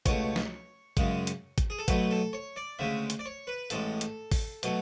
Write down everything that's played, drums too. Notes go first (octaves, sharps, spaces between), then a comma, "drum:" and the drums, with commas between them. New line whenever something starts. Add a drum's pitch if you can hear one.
C#2 B2 A3 C#5, drum: kick G#1, hi-hat
drum: snare
F#2 C#3 G#3, drum: kick G#1, hi-hat
drum: hi-hat
drum: kick G#1, hi-hat
G#4
A4
B1 B2 F#3 A3 B4, drum: kick G#1, hi-hat
A4
C#5
D5
D2 C#3 G#3 E5
drum: hi-hat
D5
C#5
B4
A1 A2 G#3 A4, drum: hi-hat
drum: hi-hat
drum: kick G#1, open hi-hat
B2 F#3 A3, drum: hi-hat